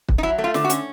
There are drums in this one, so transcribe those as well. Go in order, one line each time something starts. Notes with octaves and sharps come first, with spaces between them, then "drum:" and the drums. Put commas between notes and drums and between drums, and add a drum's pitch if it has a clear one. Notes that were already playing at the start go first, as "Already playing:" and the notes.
drum: kick
D#4
F#3 E4
A3
F4
D3, drum: snare
F#4
C#4, drum: hi-hat